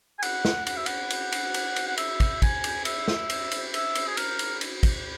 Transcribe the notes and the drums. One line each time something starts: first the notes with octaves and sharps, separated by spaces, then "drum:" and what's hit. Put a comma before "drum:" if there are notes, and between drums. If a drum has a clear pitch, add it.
G#5
F#5, drum: cymbal
drum: snare
F#5, drum: cymbal
E5
F#5, drum: cymbal
drum: cymbal
drum: cymbal
drum: cymbal
drum: cymbal
F#5
E5, drum: cymbal
drum: kick, cymbal
G#5, drum: kick, cymbal
drum: cymbal
E5, drum: cymbal
drum: snare
drum: cymbal
drum: cymbal
E5, drum: cymbal
drum: cymbal
G#4
A#4, drum: cymbal
drum: cymbal
drum: cymbal
drum: kick, cymbal